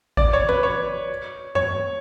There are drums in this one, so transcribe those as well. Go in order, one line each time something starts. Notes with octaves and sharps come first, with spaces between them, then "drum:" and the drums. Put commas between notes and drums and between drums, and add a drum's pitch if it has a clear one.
D5, drum: kick G#1
C#5
B4, drum: tom
C#5
C#5, drum: tom G2